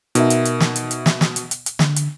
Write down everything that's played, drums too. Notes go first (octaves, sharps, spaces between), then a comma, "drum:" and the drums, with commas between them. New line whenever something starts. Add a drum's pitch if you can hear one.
B2 D#4 A#4 E5, drum: hi-hat
drum: hi-hat
drum: hi-hat
drum: snare
drum: hi-hat
drum: hi-hat
drum: snare
drum: snare
drum: hi-hat
drum: hi-hat
drum: hi-hat
D3, drum: snare
drum: hi-hat